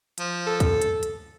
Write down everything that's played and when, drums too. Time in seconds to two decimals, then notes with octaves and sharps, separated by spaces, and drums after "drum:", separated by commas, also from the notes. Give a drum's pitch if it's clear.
0.18 F3, drum: hi-hat
0.46 A4
0.60 drum: kick, hi-hat
0.82 drum: hi-hat
1.03 drum: hi-hat